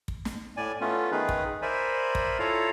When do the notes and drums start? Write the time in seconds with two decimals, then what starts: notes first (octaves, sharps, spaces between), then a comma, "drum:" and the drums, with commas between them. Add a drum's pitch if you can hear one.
0.08 drum: kick
0.25 drum: snare
0.57 A2 D5 G#5
0.81 A3 B3 C#4 F4
1.11 D#3 D#4 G#4 B4
1.29 drum: kick
1.62 A#4 C5 D5 E5 G#5 B5
2.15 drum: kick
2.39 E4 F4 A4 C#5 F5 A#5